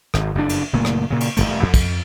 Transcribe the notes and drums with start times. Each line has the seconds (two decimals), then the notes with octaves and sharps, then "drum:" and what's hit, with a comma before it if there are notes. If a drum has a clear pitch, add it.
0.14 G#1, drum: rim click
0.35 F#1 F2 B2 D4
0.49 drum: cymbal
0.73 F#1 A#2 A3
0.85 drum: rim click
1.10 A#2 C#3
1.20 drum: cymbal
1.37 D#1 E2 A3, drum: cymbal
1.63 F2
1.74 drum: kick, cymbal